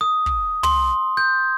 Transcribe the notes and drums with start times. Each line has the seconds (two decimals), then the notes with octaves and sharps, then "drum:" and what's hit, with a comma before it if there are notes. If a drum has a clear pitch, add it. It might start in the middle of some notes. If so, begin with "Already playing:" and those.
0.01 D#6
0.26 drum: kick
0.63 C6, drum: tom
1.17 G6